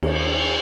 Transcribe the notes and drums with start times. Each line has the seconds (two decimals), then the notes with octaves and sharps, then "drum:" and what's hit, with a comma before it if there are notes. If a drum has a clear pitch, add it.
0.03 D#2, drum: cymbal